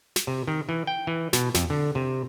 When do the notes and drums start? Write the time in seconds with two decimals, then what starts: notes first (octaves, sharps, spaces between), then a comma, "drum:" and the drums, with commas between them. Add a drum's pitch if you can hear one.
0.16 drum: snare
0.27 C3
0.48 D#3
0.69 E3
0.87 G5
1.07 E3
1.33 B2, drum: snare
1.54 F2, drum: snare
1.70 D3
1.95 C3